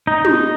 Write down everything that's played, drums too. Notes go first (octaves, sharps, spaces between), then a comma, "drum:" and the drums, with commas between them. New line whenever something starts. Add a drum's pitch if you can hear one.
D#4
drum: tom